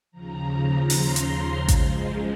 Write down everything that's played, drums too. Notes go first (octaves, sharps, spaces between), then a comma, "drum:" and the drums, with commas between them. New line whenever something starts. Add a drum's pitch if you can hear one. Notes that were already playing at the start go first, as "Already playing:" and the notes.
D#2 C#3 F3 A#5
C6, drum: open hi-hat
drum: hi-hat
F#2 F3 G#3, drum: kick A1, hi-hat